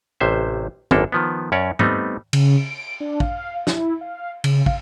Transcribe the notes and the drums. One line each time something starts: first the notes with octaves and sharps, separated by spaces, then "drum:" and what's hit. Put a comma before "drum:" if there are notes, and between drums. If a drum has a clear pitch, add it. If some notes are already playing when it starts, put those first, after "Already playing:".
A1 C3 C5 E5
G#1 F#2 A#3 D4 A4, drum: tom
D#3 F3 B3
F#2 C#4 C#5 D5
G3 A3 B3 C4 D#4, drum: tom G#2
C#3, drum: cymbal
D7
D4
F5, drum: kick
E4, drum: snare
F5
C#3, drum: cymbal
F5, drum: kick